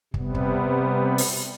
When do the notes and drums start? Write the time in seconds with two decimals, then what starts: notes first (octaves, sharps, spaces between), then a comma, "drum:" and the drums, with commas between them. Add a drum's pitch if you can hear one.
0.14 C3 G3 B3, drum: kick
0.35 drum: kick
1.18 drum: open hi-hat